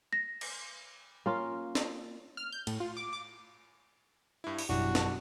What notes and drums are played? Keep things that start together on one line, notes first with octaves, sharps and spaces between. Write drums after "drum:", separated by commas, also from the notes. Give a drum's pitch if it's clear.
A#6
drum: cymbal
A#3 C#4 F4
drum: snare
F6
G6
A2, drum: cymbal
F4
D6
D6
G2 E4
drum: open hi-hat
G#1 F#2 B2 F#3 G3 D4 E4 F#4
drum: snare